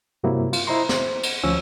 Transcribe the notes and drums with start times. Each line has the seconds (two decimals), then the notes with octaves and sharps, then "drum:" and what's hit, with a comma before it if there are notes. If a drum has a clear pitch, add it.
0.23 G2 C3 F#3 A#3 E4
0.53 F4, drum: cymbal
0.67 E4 C5 D#5 A#5 C6
0.89 C5, drum: snare
1.23 drum: cymbal
1.44 D2 F3 C#4 E6